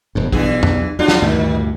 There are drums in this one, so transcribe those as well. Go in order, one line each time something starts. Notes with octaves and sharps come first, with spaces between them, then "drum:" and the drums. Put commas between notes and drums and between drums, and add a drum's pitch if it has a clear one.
E1 G2
B1 G2 E3 G#4, drum: kick A#1
drum: tom E2
E2 F#3 D4 F4
drum: snare
D2 G2 A#2 D#3